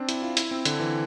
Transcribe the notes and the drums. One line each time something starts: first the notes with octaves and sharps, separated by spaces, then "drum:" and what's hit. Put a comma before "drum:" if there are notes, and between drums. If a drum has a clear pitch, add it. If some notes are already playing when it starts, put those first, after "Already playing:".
Already playing: C4 D4
E4, drum: hi-hat
F4
E4, drum: hi-hat
C4
D3, drum: hi-hat
E3